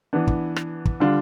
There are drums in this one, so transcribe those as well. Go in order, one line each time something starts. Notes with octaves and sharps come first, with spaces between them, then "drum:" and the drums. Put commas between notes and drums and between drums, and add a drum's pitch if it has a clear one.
E3 B3 D4
drum: kick
drum: rim click
drum: kick
D3 G3 D4 F4